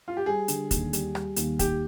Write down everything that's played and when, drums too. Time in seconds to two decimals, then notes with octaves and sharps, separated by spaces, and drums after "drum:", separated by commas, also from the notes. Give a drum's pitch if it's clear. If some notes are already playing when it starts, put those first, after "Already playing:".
0.08 F4
0.17 G4
0.26 G3 G#4
0.48 D3, drum: hi-hat
0.71 D#2, drum: kick, hi-hat
0.93 G3, drum: hi-hat
1.15 G3, drum: rim click
1.36 D#2, drum: hi-hat
1.59 D#2 G4, drum: kick, hi-hat